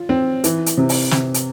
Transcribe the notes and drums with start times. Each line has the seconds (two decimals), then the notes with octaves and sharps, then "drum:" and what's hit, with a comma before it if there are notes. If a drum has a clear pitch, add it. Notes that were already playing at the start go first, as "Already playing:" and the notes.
Already playing: F4
0.09 C4
0.44 E3, drum: hi-hat
0.66 drum: hi-hat
0.78 C3
0.89 drum: open hi-hat
1.11 C3, drum: snare
1.34 drum: hi-hat